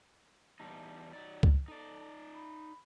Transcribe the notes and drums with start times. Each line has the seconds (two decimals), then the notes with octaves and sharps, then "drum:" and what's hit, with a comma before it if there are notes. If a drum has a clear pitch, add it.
0.60 E2 G3 D#4 A5
1.13 F#3 D#4 D5
1.43 drum: kick C#2
1.68 D#4 A4 D5
2.35 B5